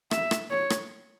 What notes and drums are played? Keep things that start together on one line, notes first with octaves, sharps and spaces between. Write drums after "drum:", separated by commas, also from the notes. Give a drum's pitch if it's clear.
E5, drum: rim click
drum: rim click
C#5
drum: rim click